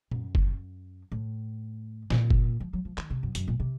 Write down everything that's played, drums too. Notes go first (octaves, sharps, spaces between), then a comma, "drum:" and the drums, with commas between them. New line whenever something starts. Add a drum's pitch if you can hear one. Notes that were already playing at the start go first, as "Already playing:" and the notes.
F#2, drum: tom
drum: kick F#1
A2
A#2, drum: snare
drum: kick F#1
F3
F#3
F3
D#3, drum: clap
C3
F#2
F#2, drum: hi-hat
A#2
C3